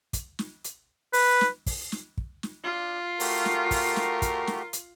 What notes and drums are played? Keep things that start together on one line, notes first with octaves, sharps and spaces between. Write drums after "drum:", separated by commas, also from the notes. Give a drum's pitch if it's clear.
drum: kick, hi-hat
drum: snare
drum: hi-hat
B4, drum: open hi-hat
drum: snare
drum: kick, open hi-hat
drum: snare
drum: kick
drum: snare
D4 F4
A3 F#4 G4 A#4, drum: open hi-hat
drum: snare
drum: kick, open hi-hat
drum: snare
drum: kick, hi-hat
drum: snare
drum: hi-hat